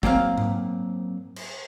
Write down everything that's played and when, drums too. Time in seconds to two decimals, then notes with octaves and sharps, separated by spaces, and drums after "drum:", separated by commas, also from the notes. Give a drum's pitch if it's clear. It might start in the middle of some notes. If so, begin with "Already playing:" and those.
0.03 F#3 A#3 C4 F5, drum: kick
0.38 drum: tom G#2
1.36 drum: cymbal